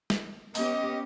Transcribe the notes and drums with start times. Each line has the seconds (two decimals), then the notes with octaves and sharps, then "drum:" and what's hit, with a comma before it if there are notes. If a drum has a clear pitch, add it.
0.10 drum: snare
0.55 B3 C#4 G4 D#5, drum: open hi-hat